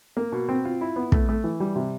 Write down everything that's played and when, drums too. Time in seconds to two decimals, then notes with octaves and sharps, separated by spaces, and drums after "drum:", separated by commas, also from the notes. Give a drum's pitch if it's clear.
0.17 A#3
0.32 B2
0.49 C4
0.65 F4
0.81 E4
0.96 B3
1.12 A3, drum: kick
1.29 A3
1.44 E3
1.60 G3
1.76 C3